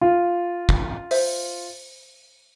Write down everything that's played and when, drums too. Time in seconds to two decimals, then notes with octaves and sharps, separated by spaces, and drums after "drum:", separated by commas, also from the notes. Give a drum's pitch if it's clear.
0.01 F4
0.69 drum: kick
1.11 C5 E5, drum: open hi-hat